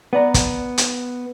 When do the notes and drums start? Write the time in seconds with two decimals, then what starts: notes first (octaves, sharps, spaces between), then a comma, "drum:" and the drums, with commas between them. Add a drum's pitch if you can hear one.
0.13 B3 D5 A#5
0.34 drum: kick, hi-hat
0.78 drum: hi-hat